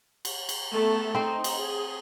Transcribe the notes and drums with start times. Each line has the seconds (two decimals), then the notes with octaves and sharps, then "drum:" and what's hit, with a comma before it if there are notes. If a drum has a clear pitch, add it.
0.25 drum: cymbal
0.49 drum: cymbal
0.73 A3 B3
1.15 C4 D#4 C5
1.44 drum: cymbal
1.60 G#4